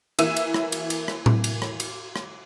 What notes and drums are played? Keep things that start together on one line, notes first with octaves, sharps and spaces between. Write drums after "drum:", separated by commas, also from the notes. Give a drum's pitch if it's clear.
E3 A#3 E5 E6 D#7, drum: cymbal
drum: cymbal
drum: rim click
drum: cymbal
drum: cymbal
drum: rim click
drum: tom A2
drum: cymbal
drum: rim click
drum: cymbal
drum: rim click